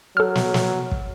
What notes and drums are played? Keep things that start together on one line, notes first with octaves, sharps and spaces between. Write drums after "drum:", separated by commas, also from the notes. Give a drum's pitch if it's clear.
F#3 A4 F6
drum: snare
drum: snare
drum: kick